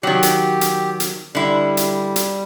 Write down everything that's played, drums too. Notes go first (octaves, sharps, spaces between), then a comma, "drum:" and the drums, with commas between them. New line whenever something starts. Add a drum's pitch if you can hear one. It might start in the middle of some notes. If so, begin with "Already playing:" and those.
D#3 F#3 G4
drum: hi-hat
drum: hi-hat
drum: hi-hat
D3 G3 E4
drum: hi-hat
drum: hi-hat